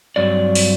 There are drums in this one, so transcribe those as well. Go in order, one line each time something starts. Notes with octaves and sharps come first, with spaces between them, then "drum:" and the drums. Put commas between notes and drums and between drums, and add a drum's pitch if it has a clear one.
G2 F#3 C4 D5
drum: open hi-hat